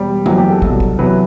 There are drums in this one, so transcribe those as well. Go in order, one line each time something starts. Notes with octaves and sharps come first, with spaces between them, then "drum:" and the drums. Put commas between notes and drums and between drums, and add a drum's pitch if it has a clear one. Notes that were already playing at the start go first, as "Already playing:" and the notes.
Already playing: E1 G3
F#1 E2 D#3 F#3 G4, drum: tom D3
G4
A4
C2 B2 F#3 A4, drum: kick
drum: kick
E2 C3 F#3 B4